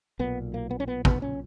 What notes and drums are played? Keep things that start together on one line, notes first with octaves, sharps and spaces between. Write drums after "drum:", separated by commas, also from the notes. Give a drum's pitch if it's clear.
B1 A#2 B3
A#3
B3
C#4
B3
B3, drum: kick
C#4